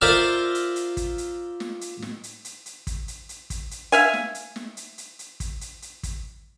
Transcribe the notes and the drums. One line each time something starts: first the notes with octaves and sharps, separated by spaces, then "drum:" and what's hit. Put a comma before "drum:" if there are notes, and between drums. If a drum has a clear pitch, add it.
F4 A#4 C5 D5 E5 F5
drum: hi-hat
drum: hi-hat
drum: kick, hi-hat
drum: hi-hat
drum: snare
drum: hi-hat
drum: snare
drum: hi-hat
drum: hi-hat
drum: hi-hat
drum: kick, hi-hat
drum: hi-hat
drum: hi-hat
drum: kick, hi-hat
drum: hi-hat
E5 F5 G#5, drum: hi-hat
drum: snare
drum: hi-hat
drum: snare
drum: hi-hat
drum: hi-hat
drum: hi-hat
drum: kick, hi-hat
drum: hi-hat
drum: hi-hat
drum: kick, hi-hat